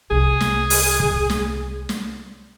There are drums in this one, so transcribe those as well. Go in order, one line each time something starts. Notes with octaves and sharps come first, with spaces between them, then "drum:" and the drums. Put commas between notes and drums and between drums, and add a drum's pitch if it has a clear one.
C2 G#4
drum: snare
drum: open hi-hat
drum: kick
drum: snare
drum: snare